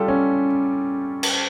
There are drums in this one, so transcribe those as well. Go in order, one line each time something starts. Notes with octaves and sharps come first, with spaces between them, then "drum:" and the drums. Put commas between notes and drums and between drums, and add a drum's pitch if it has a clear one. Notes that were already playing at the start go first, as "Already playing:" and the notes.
Already playing: G3 F4 G4 A4
C#4
drum: cymbal